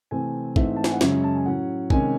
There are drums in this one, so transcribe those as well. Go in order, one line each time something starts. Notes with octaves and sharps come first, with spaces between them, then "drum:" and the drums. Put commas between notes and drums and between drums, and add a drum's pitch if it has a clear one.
C3 E3 A3 C4 G#5
G#2 E3 A3 C4 E5, drum: kick A1
A5
G#5, drum: snare
F#5
F#2 C#3 G#3 C#4 E5, drum: snare
A5
G#5
A2 F#3 C#4 F#5
C3 D#3 G#3 C#4 G#5, drum: kick A1